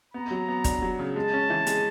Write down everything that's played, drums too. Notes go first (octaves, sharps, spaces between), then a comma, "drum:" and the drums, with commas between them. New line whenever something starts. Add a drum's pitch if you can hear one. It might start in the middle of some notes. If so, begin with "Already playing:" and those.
B3 A#5
F#3
B3
D4, drum: kick, hi-hat
F#3
C#3
G#3 A5
C#4
E3
G#3, drum: hi-hat